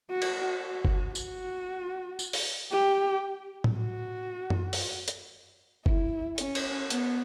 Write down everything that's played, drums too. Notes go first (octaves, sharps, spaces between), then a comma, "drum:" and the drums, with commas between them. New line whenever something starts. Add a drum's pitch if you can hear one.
F#4
drum: cymbal
F#4
drum: kick F#1
F#4, drum: tambourine
drum: tambourine
drum: open hi-hat
G4
drum: tom A2
F#4
drum: tom F#2
drum: open hi-hat
drum: hi-hat
E4, drum: kick F#1
C#4, drum: hi-hat
drum: cymbal
B3, drum: hi-hat